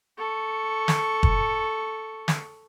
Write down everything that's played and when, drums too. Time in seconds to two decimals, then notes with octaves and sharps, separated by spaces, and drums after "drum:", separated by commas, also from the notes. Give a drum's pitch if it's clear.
0.18 A4 C#6
0.88 drum: snare
1.23 drum: kick
2.28 drum: snare